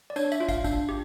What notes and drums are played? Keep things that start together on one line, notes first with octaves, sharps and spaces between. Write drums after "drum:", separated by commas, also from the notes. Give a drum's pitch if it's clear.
D5
D4 C#5, drum: tambourine
E5, drum: tambourine
F4
F5, drum: kick, tambourine
D4, drum: kick, tambourine
G4